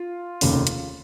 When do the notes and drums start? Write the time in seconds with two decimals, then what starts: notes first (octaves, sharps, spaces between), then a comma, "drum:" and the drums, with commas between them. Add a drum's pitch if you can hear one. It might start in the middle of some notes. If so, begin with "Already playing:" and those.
Already playing: F4
0.41 F1 D#2 C#3, drum: open hi-hat
0.67 drum: hi-hat